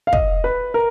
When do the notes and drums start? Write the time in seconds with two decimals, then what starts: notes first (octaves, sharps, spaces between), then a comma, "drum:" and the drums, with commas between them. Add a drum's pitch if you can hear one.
0.07 F5
0.13 D#5, drum: kick
0.44 B4
0.74 A#4